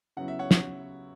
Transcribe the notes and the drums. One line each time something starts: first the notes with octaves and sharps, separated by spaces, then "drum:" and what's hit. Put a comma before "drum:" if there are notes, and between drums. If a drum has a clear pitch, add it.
C#3 F#3 B3 E4 F#5
E5
C#5 F#5
drum: snare